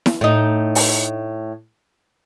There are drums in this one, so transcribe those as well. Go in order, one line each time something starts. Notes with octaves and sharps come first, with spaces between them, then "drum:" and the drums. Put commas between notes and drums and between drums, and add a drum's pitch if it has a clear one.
drum: snare E4
A2 D#4
drum: open hi-hat